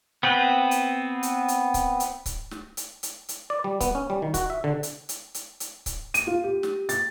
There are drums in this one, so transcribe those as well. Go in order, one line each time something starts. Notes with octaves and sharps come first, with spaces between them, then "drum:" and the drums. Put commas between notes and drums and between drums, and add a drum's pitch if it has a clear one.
B3 C4 B4
drum: hi-hat
drum: hi-hat
drum: hi-hat
drum: kick C#1, hi-hat
drum: hi-hat
drum: kick C#1, hi-hat
drum: snare
drum: hi-hat
drum: hi-hat
drum: hi-hat
D5
G3
B3, drum: kick C#1, hi-hat
C#4
G3
D#3
F#4, drum: kick C#1, hi-hat
E5
D3
drum: hi-hat
drum: hi-hat
drum: hi-hat
drum: hi-hat
drum: kick C#1, hi-hat
D#7, drum: hi-hat
F4
G4
drum: snare
A6, drum: hi-hat